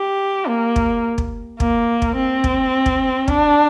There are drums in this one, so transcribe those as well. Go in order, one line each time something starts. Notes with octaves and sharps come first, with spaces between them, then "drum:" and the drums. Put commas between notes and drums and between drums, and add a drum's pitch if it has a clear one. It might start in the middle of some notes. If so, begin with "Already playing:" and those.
Already playing: G4
A#3
drum: kick
drum: kick
A#3, drum: kick
drum: kick
C4
drum: kick
drum: kick
D4, drum: kick